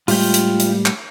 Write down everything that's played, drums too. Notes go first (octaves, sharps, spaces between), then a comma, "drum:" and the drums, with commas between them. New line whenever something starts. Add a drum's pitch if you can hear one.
A2 G3 G#3 F4 G5, drum: open hi-hat
drum: hi-hat
drum: hi-hat
drum: clap